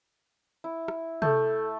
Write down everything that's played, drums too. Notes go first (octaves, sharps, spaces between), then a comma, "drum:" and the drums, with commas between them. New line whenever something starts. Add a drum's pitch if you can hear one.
E4
drum: rim click
A3 A4 G6, drum: tom C3